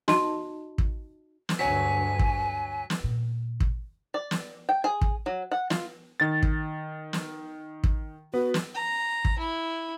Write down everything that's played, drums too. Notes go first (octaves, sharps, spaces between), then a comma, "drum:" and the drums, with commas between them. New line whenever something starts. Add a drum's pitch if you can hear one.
D#4 F#4 D#5 A5, drum: snare
drum: kick
drum: snare
D2 G2 F#3 C#5 G#5 B6
drum: kick
drum: snare
A#2
drum: kick
D5
drum: snare
G5
G#4
drum: kick
F#3
F#5
F4, drum: snare
D#3 A6
drum: kick
drum: snare
drum: kick
B3 F#4 B4
drum: snare
A#5
drum: kick
E4